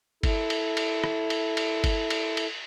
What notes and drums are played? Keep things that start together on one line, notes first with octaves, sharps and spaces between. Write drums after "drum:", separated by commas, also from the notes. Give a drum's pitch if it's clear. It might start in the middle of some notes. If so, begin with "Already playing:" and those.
E4 A4, drum: kick G1, cymbal
drum: cymbal
drum: cymbal
drum: rim click
drum: cymbal
drum: cymbal
drum: kick G1, cymbal
drum: cymbal
drum: cymbal